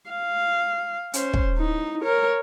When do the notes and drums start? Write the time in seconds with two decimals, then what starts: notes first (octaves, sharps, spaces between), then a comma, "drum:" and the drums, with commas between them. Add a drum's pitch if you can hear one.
0.11 F5
1.14 C#4 C5, drum: hi-hat
1.33 drum: kick
1.57 D#4 E4
2.01 A#4 C#5